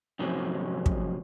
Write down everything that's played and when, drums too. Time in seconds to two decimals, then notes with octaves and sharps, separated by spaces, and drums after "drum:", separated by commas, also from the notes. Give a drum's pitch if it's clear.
0.19 F2 G#2 C3 F#3 C4 C#4
0.86 drum: kick